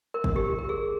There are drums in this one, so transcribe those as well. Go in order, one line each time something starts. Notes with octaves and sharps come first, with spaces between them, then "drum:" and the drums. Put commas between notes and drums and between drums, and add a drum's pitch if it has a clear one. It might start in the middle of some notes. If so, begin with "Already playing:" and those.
A#4
drum: kick
G4
A#4
G4
G#4